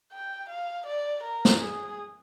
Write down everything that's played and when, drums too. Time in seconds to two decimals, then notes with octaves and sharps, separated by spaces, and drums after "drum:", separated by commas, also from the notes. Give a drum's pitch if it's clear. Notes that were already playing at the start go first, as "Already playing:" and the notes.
0.12 G5
0.49 F5
0.86 D5
1.23 A#4
1.45 drum: snare
1.61 G#4